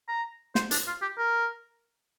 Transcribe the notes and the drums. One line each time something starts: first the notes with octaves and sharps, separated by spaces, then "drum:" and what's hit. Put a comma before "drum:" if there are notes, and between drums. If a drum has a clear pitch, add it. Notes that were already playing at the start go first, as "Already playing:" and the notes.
A#5
C5, drum: snare
D4, drum: hi-hat
F4
G4
A#4